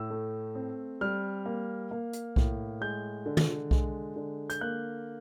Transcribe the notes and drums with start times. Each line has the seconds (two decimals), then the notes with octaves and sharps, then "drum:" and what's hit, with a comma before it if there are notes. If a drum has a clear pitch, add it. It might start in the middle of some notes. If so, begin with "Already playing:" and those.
Already playing: A2 E6
0.10 A3
0.55 C4
1.01 G3 F6
1.46 A#3
1.91 A#3
2.13 drum: hi-hat
2.36 A2, drum: kick B1
2.81 G#3 G6
3.26 D3
3.37 drum: tom
3.71 G#3, drum: kick B1
4.16 D3
4.50 G6, drum: hi-hat
4.61 A#3 F#6